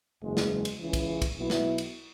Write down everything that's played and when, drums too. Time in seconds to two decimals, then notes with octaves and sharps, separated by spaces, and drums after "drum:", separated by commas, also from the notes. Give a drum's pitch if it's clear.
0.22 F#1 E2 C#3 G#3
0.37 drum: snare
0.65 drum: cymbal
0.79 C#2 C#3 E3
0.93 drum: kick, cymbal
1.22 drum: kick, cymbal
1.36 B1 B2 B3 E4
1.50 drum: snare
1.78 drum: cymbal